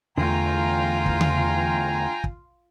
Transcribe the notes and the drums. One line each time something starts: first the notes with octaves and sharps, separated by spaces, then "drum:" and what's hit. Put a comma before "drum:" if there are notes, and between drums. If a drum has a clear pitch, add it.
E2 D3 A3 F4 G5 G#5 A#5
drum: kick
drum: tom C#3
drum: kick